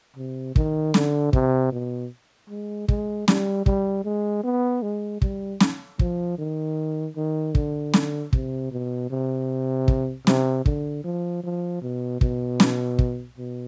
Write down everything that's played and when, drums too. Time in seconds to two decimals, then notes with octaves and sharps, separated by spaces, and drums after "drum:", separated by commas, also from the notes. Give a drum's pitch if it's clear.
0.17 C3
0.56 D#3, drum: kick
0.94 D3, drum: snare
1.33 C3, drum: kick
1.72 B2
2.50 G#3
2.89 G#3, drum: kick
3.28 G3, drum: snare
3.66 G3, drum: kick
4.05 G#3
4.44 B3
4.82 G#3
5.22 G3, drum: kick
5.60 drum: snare
5.99 F3, drum: kick
6.39 D#3
7.16 D#3
7.55 D3, drum: kick
7.94 drum: snare
8.33 C3, drum: kick
8.72 B2
9.10 C3
9.88 drum: kick
10.27 C3, drum: snare
10.66 D3, drum: kick
11.04 F3
11.44 F3
11.82 B2
12.21 B2, drum: kick
12.60 drum: snare
12.99 drum: kick
13.38 B2